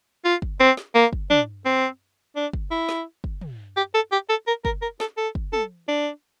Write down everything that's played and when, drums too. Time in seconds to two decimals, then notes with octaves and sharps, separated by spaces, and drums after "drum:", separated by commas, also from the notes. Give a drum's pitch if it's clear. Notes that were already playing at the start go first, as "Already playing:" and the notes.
0.25 F4
0.42 drum: kick
0.60 C4
0.77 drum: snare
0.95 A#3
1.13 drum: kick
1.30 D4, drum: tom
1.65 C4
2.36 D4
2.53 drum: kick
2.71 E4
2.89 drum: snare
3.24 drum: kick
3.41 drum: tom
3.77 G4
3.94 A4
4.12 G4
4.29 A4
4.47 A#4
4.65 A#4, drum: kick
4.82 A#4
5.00 A4, drum: snare
5.17 A4
5.35 drum: kick
5.53 A4, drum: tom
5.88 D4